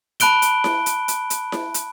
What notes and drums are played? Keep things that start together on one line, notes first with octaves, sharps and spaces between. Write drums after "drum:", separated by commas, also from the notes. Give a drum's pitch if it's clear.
A5 B5 F#6 D7 G7, drum: hi-hat
drum: hi-hat
drum: snare E4
drum: hi-hat
drum: hi-hat
drum: hi-hat
drum: snare E4
drum: hi-hat